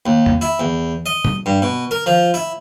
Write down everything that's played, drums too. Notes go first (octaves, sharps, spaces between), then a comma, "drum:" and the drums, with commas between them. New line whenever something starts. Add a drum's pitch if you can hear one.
D#2
drum: tom E2
E4
E2
D#5
drum: tom A#2
G2
B2
A#4
F3
E4